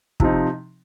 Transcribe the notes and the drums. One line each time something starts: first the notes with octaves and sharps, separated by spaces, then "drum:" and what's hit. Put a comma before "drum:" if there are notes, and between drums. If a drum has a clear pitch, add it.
C3 F3 C4 D#4, drum: kick